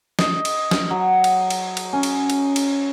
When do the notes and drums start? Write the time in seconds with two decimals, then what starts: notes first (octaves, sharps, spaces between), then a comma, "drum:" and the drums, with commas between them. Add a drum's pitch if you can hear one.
0.19 D#5, drum: snare
0.45 drum: cymbal
0.71 drum: snare
0.91 F#3
1.24 drum: cymbal
1.50 drum: cymbal
1.77 drum: cymbal
1.93 C#4
2.03 drum: cymbal
2.30 drum: cymbal
2.56 drum: cymbal